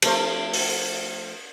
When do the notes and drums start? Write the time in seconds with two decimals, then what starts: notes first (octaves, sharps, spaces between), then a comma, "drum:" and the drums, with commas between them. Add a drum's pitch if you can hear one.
0.02 F3 A3 C5, drum: cymbal
0.53 drum: open hi-hat